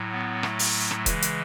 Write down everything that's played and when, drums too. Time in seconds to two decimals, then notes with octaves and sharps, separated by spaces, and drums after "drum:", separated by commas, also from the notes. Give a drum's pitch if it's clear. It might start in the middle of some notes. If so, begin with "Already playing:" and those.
Already playing: A2 F#3
0.12 B3
0.43 A3, drum: rim click
0.59 drum: open hi-hat
0.91 drum: rim click
1.06 C#3 E3 G#3, drum: kick, hi-hat
1.22 drum: hi-hat